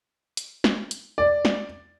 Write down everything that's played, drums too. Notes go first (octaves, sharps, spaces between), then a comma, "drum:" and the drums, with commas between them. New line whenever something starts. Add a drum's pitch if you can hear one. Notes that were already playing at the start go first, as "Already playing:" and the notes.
drum: hi-hat
drum: snare
drum: hi-hat
D5
drum: snare